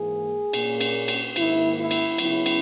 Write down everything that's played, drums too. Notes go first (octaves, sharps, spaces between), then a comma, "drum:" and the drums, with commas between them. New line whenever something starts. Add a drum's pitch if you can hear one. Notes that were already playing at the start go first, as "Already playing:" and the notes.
Already playing: G#2 E3 A#3 G#4
A#2 A#3 C#4, drum: cymbal
drum: cymbal
drum: cymbal
G#2 D#3 A#3 E4, drum: cymbal
E4
drum: cymbal
C#3 F#3 B3 E4, drum: cymbal
drum: cymbal